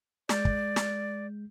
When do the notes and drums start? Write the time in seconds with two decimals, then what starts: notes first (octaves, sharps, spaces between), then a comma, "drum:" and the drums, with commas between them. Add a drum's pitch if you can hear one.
0.29 G#3 D5 G6, drum: snare
0.45 drum: kick
0.76 drum: snare